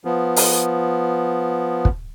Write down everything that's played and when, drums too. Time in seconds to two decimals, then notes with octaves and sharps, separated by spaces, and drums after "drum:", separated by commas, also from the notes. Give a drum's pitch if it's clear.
0.05 F3 B3
0.36 drum: open hi-hat
1.85 drum: kick